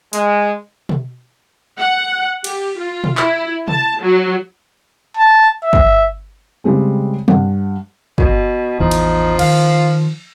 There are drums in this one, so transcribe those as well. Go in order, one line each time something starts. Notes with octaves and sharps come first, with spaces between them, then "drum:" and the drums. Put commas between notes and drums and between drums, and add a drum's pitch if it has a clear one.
G#3, drum: hi-hat
drum: tom B2
F#5
G4, drum: cymbal
F4
drum: tom B2
E4, drum: clap
A5, drum: tom C3
F#3
A5
E5
drum: kick
C#3 G3 G#3 C4
G2 F#5, drum: tom C3
B2, drum: kick
A1 E2 E3 F3 D#4
drum: cymbal
D#3 F5, drum: cymbal